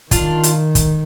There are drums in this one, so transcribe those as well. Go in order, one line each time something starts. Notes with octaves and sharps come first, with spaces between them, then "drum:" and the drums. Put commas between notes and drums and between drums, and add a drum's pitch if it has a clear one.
D#3 D4 F4, drum: kick, hi-hat
drum: hi-hat
drum: kick, hi-hat